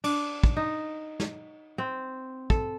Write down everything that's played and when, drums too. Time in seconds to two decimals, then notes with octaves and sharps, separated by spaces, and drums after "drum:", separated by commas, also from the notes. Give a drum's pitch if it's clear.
0.04 D4, drum: cymbal
0.43 drum: kick
0.57 D#4
1.20 drum: snare
1.78 C4
2.50 A4, drum: kick